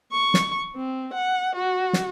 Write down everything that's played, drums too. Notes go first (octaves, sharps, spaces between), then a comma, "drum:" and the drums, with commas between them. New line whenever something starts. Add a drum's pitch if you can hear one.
C#6
drum: snare
C4
F#5
F#4
drum: snare